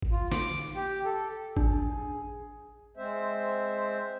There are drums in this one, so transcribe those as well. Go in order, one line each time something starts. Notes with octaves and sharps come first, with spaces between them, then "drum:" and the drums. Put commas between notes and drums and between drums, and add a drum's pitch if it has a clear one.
drum: kick G#1
F4
D6, drum: snare
G4
A4
D4 G#4, drum: kick G#1
G#3 C4 C5 E5